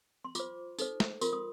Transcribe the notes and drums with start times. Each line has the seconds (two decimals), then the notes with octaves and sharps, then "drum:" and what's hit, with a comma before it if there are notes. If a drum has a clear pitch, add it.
0.25 C6
0.35 F4 C5 D6, drum: tambourine
0.79 D#4 A4 C5, drum: tambourine
1.00 drum: snare
1.21 F4 A#4 C6, drum: tambourine
1.33 D#6